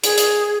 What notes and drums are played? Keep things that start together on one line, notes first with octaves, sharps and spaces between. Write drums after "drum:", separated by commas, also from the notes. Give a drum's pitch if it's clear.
G#4, drum: hi-hat
drum: hi-hat